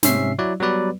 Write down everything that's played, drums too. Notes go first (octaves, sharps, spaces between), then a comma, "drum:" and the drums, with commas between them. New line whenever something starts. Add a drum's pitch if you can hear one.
G#2 C3 C#4 E5 C7, drum: snare
F#3 E4 D5
F#3 G3 B3 B4 D5